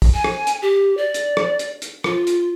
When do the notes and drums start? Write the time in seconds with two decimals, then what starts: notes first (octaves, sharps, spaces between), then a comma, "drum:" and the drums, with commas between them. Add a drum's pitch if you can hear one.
0.02 drum: kick, open hi-hat
0.14 G#5
0.24 drum: rim click
0.47 drum: hi-hat
0.62 G4
0.98 D5
1.14 drum: hi-hat
1.37 drum: rim click
1.59 drum: hi-hat
1.82 drum: hi-hat
2.04 F4, drum: rim click
2.27 drum: hi-hat